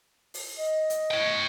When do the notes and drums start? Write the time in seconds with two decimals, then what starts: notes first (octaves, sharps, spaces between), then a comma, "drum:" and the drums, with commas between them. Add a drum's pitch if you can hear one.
0.34 drum: open hi-hat
0.57 D#5
0.90 drum: hi-hat
1.11 C#5 G5